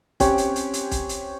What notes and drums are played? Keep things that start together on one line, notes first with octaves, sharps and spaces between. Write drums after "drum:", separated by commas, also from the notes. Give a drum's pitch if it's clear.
C4 C#4 G4 F#5, drum: kick, hi-hat
drum: hi-hat
drum: hi-hat
drum: hi-hat
drum: kick, hi-hat
drum: hi-hat